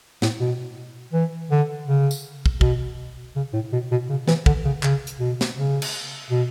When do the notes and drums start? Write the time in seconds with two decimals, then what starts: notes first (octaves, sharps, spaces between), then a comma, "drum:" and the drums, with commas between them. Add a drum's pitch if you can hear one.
0.22 A2, drum: snare
0.40 B2
1.13 E3
1.51 D3
1.87 C#3
2.11 drum: tambourine
2.46 drum: kick
2.61 B2, drum: kick
3.36 C#3
3.53 A2
3.73 B2
3.91 B2
4.09 C#3
4.28 E3, drum: snare
4.46 D3, drum: kick
4.65 C#3
4.83 C#3, drum: clap
5.07 drum: hi-hat
5.20 B2
5.41 drum: snare
5.57 C#3
5.82 drum: cymbal
6.31 B2